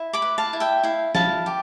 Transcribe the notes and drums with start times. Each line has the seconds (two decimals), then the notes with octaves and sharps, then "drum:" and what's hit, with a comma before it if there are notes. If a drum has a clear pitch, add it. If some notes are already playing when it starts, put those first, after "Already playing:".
Already playing: E4
0.13 B5 D6
0.22 B4
0.38 F5 A5
0.53 E4
0.60 E5 G5
0.83 E4 F5
1.15 E4 F5 A5, drum: snare
1.46 G4